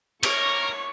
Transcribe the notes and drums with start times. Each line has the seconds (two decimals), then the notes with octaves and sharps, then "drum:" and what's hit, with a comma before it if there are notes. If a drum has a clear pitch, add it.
0.23 A#4 C#5 C#6, drum: cymbal